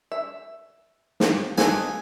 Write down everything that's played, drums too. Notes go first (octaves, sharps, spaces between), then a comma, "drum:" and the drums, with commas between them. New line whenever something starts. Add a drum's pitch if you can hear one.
E5
drum: snare
A4 B4 D#5 G#5, drum: snare